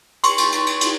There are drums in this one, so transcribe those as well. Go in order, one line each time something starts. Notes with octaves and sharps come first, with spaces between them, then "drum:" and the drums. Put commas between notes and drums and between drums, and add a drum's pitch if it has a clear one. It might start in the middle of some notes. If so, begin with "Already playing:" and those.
C6 C#6, drum: cymbal
drum: cymbal
drum: cymbal
drum: cymbal
drum: cymbal